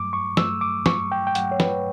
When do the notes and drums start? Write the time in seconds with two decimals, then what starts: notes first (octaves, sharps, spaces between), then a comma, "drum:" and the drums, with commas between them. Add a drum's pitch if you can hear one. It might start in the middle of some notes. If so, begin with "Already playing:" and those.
Already playing: G2 F#3 A3 D6
0.13 C#6
0.37 G2 F#3 A3 E6, drum: snare
0.61 D6
0.86 G2 F#3 A3 C#6, drum: snare
1.12 G5
1.27 G5
1.35 G2 F#3 A3 F#5, drum: hi-hat
1.51 C#5
1.60 B4, drum: snare